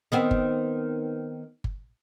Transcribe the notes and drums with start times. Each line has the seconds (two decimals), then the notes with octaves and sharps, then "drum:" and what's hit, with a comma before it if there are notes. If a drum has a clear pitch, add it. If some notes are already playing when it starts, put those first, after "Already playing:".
0.12 D#3 B3 C4
0.31 drum: kick G1
1.64 drum: kick G1